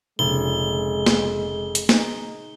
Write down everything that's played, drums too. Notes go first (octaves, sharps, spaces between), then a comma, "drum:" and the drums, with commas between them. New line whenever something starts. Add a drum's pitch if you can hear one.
F1 A#2 C#3 G#3 G7
drum: snare
drum: hi-hat
D#4 G#4, drum: snare